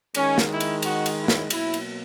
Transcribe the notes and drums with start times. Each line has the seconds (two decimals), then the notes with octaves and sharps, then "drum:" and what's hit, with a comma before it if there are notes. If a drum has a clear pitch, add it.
0.15 D#3 G#3 C#4, drum: cymbal
0.38 drum: snare
0.50 E4
0.60 drum: cymbal
0.82 F#4, drum: cymbal
1.06 drum: cymbal
1.18 E4
1.28 drum: snare
1.50 B2 F#3 A#3 E4, drum: cymbal
1.74 drum: cymbal